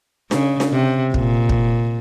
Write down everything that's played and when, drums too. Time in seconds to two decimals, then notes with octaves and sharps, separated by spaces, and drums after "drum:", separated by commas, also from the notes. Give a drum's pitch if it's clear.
0.31 C#3, drum: snare D4
0.60 drum: snare D4
0.72 C3
1.14 A#2, drum: kick
1.49 drum: kick